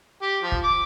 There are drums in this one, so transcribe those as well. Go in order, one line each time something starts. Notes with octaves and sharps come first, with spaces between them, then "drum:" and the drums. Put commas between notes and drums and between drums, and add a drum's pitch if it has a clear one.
G4
F3
drum: kick
D6